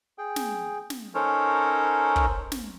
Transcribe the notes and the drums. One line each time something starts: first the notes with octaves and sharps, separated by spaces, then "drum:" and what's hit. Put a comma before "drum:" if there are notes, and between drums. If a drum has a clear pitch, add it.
G#4 G5
drum: snare
drum: snare
C#4 D#4 A4 A#4 C5 C#5
drum: kick
drum: snare